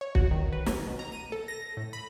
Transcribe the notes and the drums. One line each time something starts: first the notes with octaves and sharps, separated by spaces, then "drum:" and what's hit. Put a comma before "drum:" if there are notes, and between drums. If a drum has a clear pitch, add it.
C#5
F#4, drum: kick
D#3
B4
F#2, drum: snare
B2
A#5
D#7
A4
A#6
A2
B5